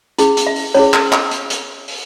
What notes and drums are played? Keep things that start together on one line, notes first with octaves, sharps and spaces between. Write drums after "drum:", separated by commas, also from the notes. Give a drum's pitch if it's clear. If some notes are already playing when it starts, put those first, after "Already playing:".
C#4 E4 G#4, drum: hi-hat
drum: hi-hat
E5
drum: open hi-hat
C#4 E4 G#4 C#5, drum: open hi-hat
drum: clap
drum: clap
drum: hi-hat
drum: hi-hat
drum: open hi-hat